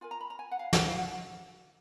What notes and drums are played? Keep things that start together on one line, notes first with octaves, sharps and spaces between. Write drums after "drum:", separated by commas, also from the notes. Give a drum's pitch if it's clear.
F4 A#4 G#5
A#5
B5
A#5
G#5
F#5
F5
F#5, drum: snare
F5
F#5